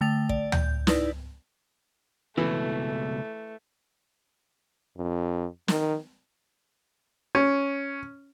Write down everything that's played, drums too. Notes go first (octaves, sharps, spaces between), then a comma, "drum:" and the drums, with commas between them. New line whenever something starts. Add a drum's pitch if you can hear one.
D3 A3 G5 A6 F7
D5, drum: kick
G6, drum: tom D2
D#4 E4 B4 D5, drum: snare
C#2 B2 E3 A3
F2
D#3, drum: snare
C#4